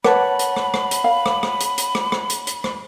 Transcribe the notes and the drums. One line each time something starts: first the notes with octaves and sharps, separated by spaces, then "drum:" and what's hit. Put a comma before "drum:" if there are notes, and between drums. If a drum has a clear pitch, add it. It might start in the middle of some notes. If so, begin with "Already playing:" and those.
B4 C#5 F#5 A5 B5, drum: rim click
drum: hi-hat
drum: rim click
drum: rim click
drum: hi-hat
F5
drum: rim click
drum: rim click
drum: hi-hat
drum: hi-hat
drum: rim click
drum: rim click
drum: hi-hat
drum: hi-hat
drum: rim click